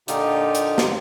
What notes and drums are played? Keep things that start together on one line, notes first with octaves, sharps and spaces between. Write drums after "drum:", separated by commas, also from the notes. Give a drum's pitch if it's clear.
A#2 D3 D#4 F4 G4, drum: hi-hat
drum: hi-hat
drum: snare